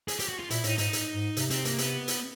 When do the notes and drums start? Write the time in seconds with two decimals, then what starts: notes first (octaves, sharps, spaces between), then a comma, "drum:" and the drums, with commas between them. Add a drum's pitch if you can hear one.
0.08 G#4, drum: hi-hat
0.19 G4, drum: hi-hat
0.29 F#4
0.39 F4
0.50 A#2 E4, drum: hi-hat
0.64 A2 D#4, drum: hi-hat
0.78 G#2 D#4, drum: hi-hat
0.93 drum: hi-hat
1.14 G#2
1.37 C3, drum: hi-hat
1.50 C4, drum: hi-hat
1.65 A#3, drum: hi-hat
1.78 B3, drum: hi-hat
2.08 drum: hi-hat